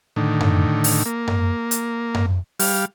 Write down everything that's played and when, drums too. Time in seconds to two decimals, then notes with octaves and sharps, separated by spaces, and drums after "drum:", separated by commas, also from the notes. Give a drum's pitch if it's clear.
0.16 A2 D3 D#3
0.40 drum: tom F#2
0.84 drum: open hi-hat
1.06 A#3
1.27 drum: tom F#2
1.71 drum: hi-hat
2.14 drum: tom F#2
2.59 G3 F5, drum: open hi-hat